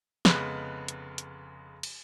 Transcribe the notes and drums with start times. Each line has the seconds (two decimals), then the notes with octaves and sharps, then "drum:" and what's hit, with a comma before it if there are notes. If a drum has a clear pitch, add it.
0.25 F1 C#3 G#3 B3 B5 F#6, drum: snare
0.88 drum: hi-hat
1.18 drum: hi-hat
1.83 drum: cymbal